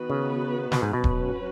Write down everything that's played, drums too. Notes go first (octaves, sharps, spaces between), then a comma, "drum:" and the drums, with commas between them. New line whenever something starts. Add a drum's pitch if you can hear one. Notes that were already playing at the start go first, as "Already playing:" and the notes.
Already playing: D#3 B3 F#4 B4
C#3
B2, drum: snare
G#2
B2
F#3 C#4 F#4 B4, drum: kick D#1